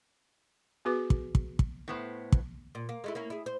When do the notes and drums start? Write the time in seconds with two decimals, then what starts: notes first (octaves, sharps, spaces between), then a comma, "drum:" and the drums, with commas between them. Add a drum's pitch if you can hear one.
0.85 B3 F#4 G#4 B4 D6
1.10 drum: kick
1.35 drum: kick
1.59 drum: kick
1.88 A2 B3 C5
2.32 drum: kick
2.75 A#2
2.89 A#3
3.04 G#3 A3 E4
3.15 A#3 C#4 E4
3.30 E4 G#4
3.46 C5